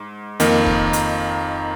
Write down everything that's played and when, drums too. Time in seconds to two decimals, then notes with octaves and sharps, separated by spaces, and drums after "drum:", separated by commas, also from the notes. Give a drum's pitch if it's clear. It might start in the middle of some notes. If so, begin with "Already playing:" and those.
Already playing: G#2
0.40 F2 D#3 A#3 D#4, drum: hi-hat
0.66 drum: kick
0.93 drum: hi-hat